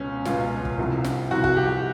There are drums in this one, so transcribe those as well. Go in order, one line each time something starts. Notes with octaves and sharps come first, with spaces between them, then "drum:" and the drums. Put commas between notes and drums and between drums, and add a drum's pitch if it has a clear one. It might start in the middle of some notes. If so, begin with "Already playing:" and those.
Already playing: C#2 B2 C#4
C#2 B2 F4, drum: snare
drum: kick
C2 C3 F3
drum: snare
C2 C3 F3 F#4
F#4, drum: kick
G4